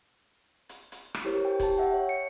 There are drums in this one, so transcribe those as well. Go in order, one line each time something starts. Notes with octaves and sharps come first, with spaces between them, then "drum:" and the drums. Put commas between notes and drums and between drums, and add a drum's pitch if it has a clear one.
drum: hi-hat
drum: hi-hat
drum: rim click
E4 G4 A#4 C5 C#5
G5
G4 A5, drum: kick, hi-hat
E5 F#5 G5
C#5
C#7